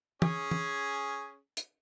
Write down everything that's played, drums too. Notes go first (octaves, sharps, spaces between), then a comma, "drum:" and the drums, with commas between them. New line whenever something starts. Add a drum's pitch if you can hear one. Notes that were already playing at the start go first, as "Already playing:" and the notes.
C#4 G#4, drum: tom
drum: tom
drum: hi-hat